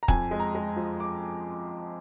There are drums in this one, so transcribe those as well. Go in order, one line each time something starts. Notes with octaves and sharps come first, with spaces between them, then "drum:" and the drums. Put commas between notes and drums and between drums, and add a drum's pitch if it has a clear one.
A#5
F2 G#5, drum: kick
G#3
A#5
G#3
F3
D6